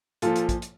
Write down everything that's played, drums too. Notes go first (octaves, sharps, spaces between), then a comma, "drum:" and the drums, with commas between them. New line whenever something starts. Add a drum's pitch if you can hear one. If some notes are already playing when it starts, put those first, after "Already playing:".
A#2 F3 F4 A4, drum: hi-hat
drum: hi-hat
drum: kick, hi-hat
drum: hi-hat